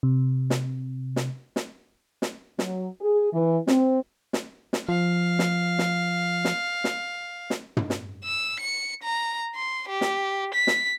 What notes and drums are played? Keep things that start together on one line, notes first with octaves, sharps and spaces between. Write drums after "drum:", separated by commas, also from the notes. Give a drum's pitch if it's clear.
C3
drum: snare
drum: snare
drum: snare
drum: snare
F#3, drum: snare
G#4
E3
C4, drum: snare
drum: snare
drum: snare
F3 F5
drum: snare
drum: snare
drum: snare
drum: snare
drum: snare
drum: tom
drum: snare
E6
C#7
A#5
C6
G4
drum: snare
B6
drum: snare